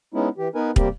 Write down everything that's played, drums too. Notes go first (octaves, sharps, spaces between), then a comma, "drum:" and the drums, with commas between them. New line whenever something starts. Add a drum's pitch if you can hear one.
G#3 B3 C#4 D#4 E4
E3 G4
B3 D#4 A#4 B4 G#5
C3 G3 A#3 C4 G4, drum: kick